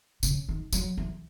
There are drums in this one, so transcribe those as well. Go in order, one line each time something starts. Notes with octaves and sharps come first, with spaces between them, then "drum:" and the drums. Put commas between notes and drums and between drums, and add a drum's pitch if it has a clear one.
C#3, drum: tambourine
D#3
F#3, drum: tambourine
E3